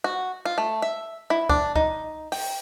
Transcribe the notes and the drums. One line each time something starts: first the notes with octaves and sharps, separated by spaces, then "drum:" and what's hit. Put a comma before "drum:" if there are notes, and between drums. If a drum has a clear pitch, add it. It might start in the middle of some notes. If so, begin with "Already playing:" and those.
F#4
F4
A3
E5
E4
D4, drum: kick C#2
D#4, drum: kick C#2
G5, drum: open hi-hat